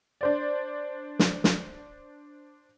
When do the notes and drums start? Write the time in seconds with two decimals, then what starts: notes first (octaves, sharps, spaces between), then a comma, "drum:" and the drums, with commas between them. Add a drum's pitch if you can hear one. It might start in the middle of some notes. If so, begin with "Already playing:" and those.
0.21 D4 C5 D5
1.19 drum: snare
1.44 drum: snare